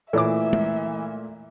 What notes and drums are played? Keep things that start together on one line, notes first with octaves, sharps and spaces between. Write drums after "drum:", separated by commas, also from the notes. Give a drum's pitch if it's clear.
A#2 E3 A3 A#3 A4 C#5 E5 D6
drum: tom